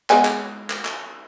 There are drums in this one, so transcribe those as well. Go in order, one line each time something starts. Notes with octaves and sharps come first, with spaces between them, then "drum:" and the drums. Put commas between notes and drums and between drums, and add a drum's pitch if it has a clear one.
G#3 B3 G#5, drum: clap
drum: clap
drum: clap
drum: clap